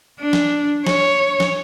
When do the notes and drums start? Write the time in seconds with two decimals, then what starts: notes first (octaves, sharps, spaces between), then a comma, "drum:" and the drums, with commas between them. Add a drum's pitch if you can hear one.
0.20 D4
0.33 drum: snare
0.87 C#5, drum: snare
1.40 drum: snare